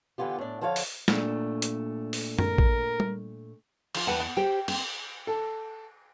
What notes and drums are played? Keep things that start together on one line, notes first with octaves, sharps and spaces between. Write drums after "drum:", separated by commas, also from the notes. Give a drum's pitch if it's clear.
D3 E3 B3 F4 G4
A2 D4
D3 F3 A4 C#5 E5 F5
drum: open hi-hat
A#2 A3 D4, drum: snare
drum: hi-hat
drum: open hi-hat
A#4, drum: tom F#2
drum: kick
drum: tom G3
F3 F4, drum: cymbal
E2 B4 F#5 G5 A5
B3
G4 C5 G5
C4, drum: cymbal
A4